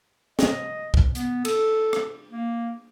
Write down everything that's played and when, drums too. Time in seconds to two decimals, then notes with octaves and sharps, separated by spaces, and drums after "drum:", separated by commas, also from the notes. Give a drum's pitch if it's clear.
0.39 D#5, drum: snare
0.94 drum: kick
1.15 B3, drum: hi-hat
1.45 A4, drum: cymbal
1.93 drum: rim click
2.31 A#3